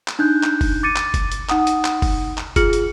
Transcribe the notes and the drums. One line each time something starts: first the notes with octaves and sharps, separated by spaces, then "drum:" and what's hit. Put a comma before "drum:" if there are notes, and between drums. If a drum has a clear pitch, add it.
drum: clap
D4 D#4 F#6 G6
drum: clap
drum: kick F#1, open hi-hat
D6 A6 C#7 D#7
drum: clap
drum: kick F#1, hi-hat
drum: hi-hat
D#4 F#5 D#6, drum: clap
drum: hi-hat
drum: clap
drum: kick F#1, open hi-hat
drum: clap
F4 G#4 F6 C#7 F#7, drum: kick F#1, hi-hat
drum: hi-hat